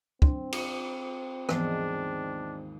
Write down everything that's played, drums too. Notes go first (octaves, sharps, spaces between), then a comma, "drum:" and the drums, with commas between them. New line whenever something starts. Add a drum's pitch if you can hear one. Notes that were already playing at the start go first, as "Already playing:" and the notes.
C4 D4, drum: kick
drum: cymbal
D#2 G#2 E3 F3 G#3 B3 D4, drum: rim click